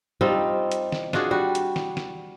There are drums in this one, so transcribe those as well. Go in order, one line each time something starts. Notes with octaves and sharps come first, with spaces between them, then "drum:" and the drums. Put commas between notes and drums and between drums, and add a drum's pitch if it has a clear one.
G3 C4 D#4 F4
drum: hi-hat
drum: snare
D4 F4 F#4 G#4, drum: snare
G3 F#4
drum: hi-hat
drum: snare
drum: snare